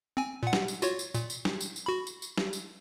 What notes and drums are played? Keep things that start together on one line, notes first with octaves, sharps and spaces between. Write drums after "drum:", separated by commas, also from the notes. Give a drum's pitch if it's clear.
C4 G#5
A#2 F#5
drum: snare
drum: tambourine
F4 F#4 C#5, drum: tambourine
drum: tambourine
A#2, drum: tambourine
drum: tambourine
drum: snare
drum: tambourine
drum: tambourine
F#4 B5
drum: tambourine
drum: tambourine
drum: snare
drum: tambourine